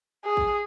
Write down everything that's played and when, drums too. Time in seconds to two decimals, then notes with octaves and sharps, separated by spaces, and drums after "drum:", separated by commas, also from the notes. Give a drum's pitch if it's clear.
0.25 G#4
0.37 drum: kick A#1